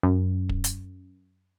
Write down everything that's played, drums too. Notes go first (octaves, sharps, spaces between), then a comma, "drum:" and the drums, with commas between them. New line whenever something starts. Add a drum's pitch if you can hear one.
F#2
drum: kick
drum: hi-hat